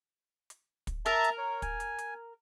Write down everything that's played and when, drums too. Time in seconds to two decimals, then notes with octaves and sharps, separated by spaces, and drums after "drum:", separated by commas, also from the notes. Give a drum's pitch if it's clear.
0.50 drum: hi-hat
0.87 drum: kick, hi-hat
1.06 A#4 E5 A5 A#5, drum: hi-hat
1.24 drum: hi-hat
1.38 C#5
1.62 G#5, drum: kick, hi-hat
1.80 drum: hi-hat
1.98 drum: hi-hat